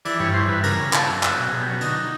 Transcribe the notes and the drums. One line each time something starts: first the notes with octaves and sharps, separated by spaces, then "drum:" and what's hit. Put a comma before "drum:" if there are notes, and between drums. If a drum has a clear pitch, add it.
E3 D5, drum: cymbal
G2 C#5
E3 C5
G2 B4
C#3 A#4, drum: cymbal
C#3
C#3 A4, drum: clap
F#2
F#3, drum: clap
B2
B2 G#4
G4
F#3 C#4
D3 D#4, drum: cymbal